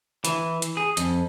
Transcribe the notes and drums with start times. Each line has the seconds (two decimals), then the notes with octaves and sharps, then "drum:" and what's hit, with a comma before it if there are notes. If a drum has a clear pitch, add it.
0.25 E3, drum: hi-hat
0.62 drum: hi-hat
0.77 G#4
0.97 F2, drum: hi-hat